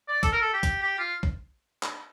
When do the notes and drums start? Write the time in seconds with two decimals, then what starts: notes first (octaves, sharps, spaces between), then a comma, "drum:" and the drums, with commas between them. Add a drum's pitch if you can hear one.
0.08 D5
0.23 A4, drum: kick, hi-hat
0.32 A#4
0.41 A4
0.54 G4
0.63 drum: kick, hi-hat
0.83 G4
0.99 F4
1.23 drum: kick
1.83 drum: clap